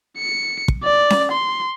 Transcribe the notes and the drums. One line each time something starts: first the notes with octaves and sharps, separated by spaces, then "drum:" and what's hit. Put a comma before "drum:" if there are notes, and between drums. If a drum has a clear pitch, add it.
C#7
drum: kick
D5
drum: snare C#4
C6